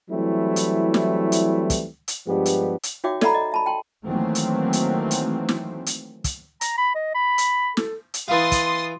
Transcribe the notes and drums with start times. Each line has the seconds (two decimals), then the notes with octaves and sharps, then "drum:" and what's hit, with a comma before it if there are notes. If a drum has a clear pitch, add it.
0.10 E3 F#3 G3 A3 C4 E4
0.56 drum: hi-hat
0.94 drum: snare
1.32 drum: hi-hat
1.70 drum: kick, hi-hat
2.08 drum: hi-hat
2.27 G2 F3 G#3 B3 D4 G4
2.46 drum: hi-hat
2.83 drum: hi-hat
3.04 D#4 F#4 C#5 E5 G5 D6
3.21 A4 D5 E5 F#5 A#5 B5, drum: snare
3.34 D#5
3.52 E5 A5 B5
3.66 G5 A5 C6
4.06 D#3 E3 F#3 A3 A#3 C4
4.35 drum: hi-hat
4.73 drum: hi-hat
5.11 drum: hi-hat
5.49 drum: snare
5.86 drum: hi-hat
6.24 drum: kick, hi-hat
6.61 A#5, drum: hi-hat
6.78 B5
6.95 D#5
7.15 B5
7.38 drum: hi-hat
7.77 A4, drum: snare
8.14 drum: hi-hat
8.28 E3 F5 C6 D#6 A6
8.52 drum: kick, hi-hat